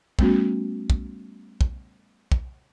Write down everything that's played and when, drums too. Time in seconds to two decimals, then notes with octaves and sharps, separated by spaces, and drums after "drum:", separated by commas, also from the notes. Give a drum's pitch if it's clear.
0.19 G3 A3 B3 C#4 F#4, drum: kick
0.90 drum: kick
1.61 drum: kick
2.32 drum: kick